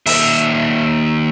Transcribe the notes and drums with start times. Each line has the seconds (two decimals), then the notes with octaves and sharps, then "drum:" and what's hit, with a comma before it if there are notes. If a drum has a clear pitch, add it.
0.06 D#2 E5, drum: open hi-hat